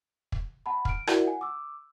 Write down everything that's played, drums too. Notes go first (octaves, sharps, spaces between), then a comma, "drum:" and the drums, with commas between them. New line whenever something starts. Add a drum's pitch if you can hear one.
drum: kick
F#5 A5 B5
F6 D7, drum: kick
E4 F#4 A#4 D5 E5 F#5, drum: rim click
F#5 G#5
D6 E6